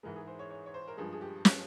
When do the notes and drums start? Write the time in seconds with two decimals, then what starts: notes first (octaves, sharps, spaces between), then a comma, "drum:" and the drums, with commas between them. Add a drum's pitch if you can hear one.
0.03 G#2 E3 G#3 A#4
0.16 G#4
0.27 C5
0.39 C#5
0.51 C#5
0.66 C#5
0.74 C5
0.88 A#4
0.97 G2 F3 G#3 G#4
1.13 G#4
1.21 G4
1.45 G4, drum: snare